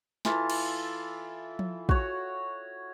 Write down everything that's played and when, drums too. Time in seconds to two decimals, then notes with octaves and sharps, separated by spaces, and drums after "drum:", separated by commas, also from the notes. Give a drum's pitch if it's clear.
0.25 E3 F4 A4, drum: snare
0.50 drum: cymbal
1.59 drum: tom F3
1.89 F#4 C#5, drum: kick